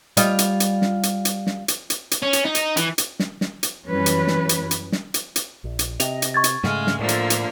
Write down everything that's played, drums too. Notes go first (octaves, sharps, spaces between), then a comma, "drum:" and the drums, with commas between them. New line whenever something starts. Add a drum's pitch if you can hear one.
G3 F4 D#5, drum: hi-hat
drum: hi-hat
drum: hi-hat
drum: snare
drum: hi-hat
drum: hi-hat
drum: snare
drum: hi-hat
drum: hi-hat
drum: hi-hat
C#4
drum: hi-hat
D#4
drum: hi-hat
E3, drum: hi-hat
drum: hi-hat
drum: snare
drum: snare
drum: hi-hat
F#2 E3 G3 C#4 B4
drum: hi-hat
drum: snare
drum: hi-hat
drum: hi-hat
drum: snare
drum: hi-hat
drum: hi-hat
A#1
drum: hi-hat
C3 D#5 F7, drum: hi-hat
drum: hi-hat
C#6 G#6 A6
drum: hi-hat
G#2 C#3 G#3 A3 F6, drum: snare
drum: snare
A2 D3 F3 A#3 A4 D5
drum: hi-hat
drum: hi-hat